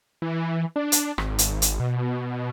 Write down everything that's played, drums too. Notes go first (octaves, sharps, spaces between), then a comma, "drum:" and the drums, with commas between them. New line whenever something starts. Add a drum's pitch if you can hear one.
E3
D4
drum: hi-hat
G#1, drum: rim click
drum: hi-hat
drum: hi-hat
B2